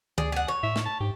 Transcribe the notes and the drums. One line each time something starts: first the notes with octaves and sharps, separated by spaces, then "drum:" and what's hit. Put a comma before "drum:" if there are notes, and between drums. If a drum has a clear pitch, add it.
D2 G#4 D5, drum: tom D#3
G#4 F#5
C#5
A2 E5
drum: snare
A5
G#2 G4